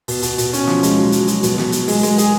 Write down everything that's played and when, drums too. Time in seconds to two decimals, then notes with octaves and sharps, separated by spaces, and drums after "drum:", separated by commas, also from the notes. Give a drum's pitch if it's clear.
0.08 B2, drum: open hi-hat
0.22 B2, drum: hi-hat
0.38 B2, drum: hi-hat
0.53 C#4, drum: hi-hat
0.67 F3, drum: snare
0.83 G#3, drum: hi-hat
0.98 F#3
1.12 F#3, drum: hi-hat
1.28 F#3, drum: hi-hat
1.43 B2, drum: hi-hat
1.58 F#3, drum: snare
1.72 F#3, drum: hi-hat
1.88 G#3, drum: open hi-hat
2.03 G#3, drum: hi-hat
2.18 G#4, drum: hi-hat